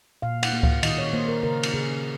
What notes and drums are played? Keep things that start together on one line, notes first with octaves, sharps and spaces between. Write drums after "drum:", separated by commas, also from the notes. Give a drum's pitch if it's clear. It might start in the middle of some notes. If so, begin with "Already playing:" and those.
A#2 F5
F#5, drum: cymbal
A#3
F5, drum: kick C#2
D#3 D#5, drum: cymbal
C#5
A#3 C5
A#4
C#3 A#4
drum: cymbal
C#3 G#4